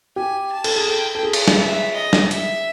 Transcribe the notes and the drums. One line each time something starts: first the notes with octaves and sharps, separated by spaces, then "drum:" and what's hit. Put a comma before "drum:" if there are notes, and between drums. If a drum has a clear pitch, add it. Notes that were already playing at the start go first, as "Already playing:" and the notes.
G4 G#5
A5
A4, drum: cymbal
G#4
A4 G5
A4
G#4
drum: cymbal
drum: snare
E5
D#5
drum: snare
E5, drum: hi-hat